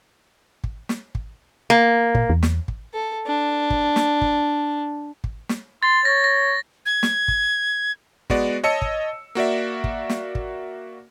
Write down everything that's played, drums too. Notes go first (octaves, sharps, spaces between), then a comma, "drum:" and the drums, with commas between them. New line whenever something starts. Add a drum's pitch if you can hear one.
drum: kick
drum: snare
drum: kick
A#3
A#2, drum: kick
E2
drum: snare
drum: kick
A4
D4
drum: kick
drum: snare
drum: kick
drum: kick
drum: snare
C6 A6
C#5 A#6
A#6
G#6
drum: snare
drum: kick
G#3 B3 F#4 D5, drum: kick
C#5 D#5 A5 E6 C#7
drum: kick
A#3 F#4 D5 E5
drum: kick
drum: snare
drum: kick